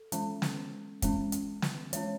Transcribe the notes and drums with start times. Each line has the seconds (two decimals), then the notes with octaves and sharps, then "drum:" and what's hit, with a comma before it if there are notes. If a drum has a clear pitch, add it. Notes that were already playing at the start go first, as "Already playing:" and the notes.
Already playing: A4
0.12 E3 G#3 C#4, drum: hi-hat
0.42 drum: snare
1.02 E3 G#3 C#4, drum: kick, hi-hat
1.32 drum: hi-hat
1.62 drum: snare
1.93 E3 G#3 C#4 C#5, drum: hi-hat